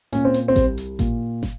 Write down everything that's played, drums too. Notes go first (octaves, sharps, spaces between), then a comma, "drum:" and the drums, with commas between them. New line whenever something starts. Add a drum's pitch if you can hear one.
A#2 C#4, drum: hi-hat
C4
drum: hi-hat
C4
C2, drum: kick A1, hi-hat
drum: hi-hat
A#2, drum: kick A1, hi-hat
drum: snare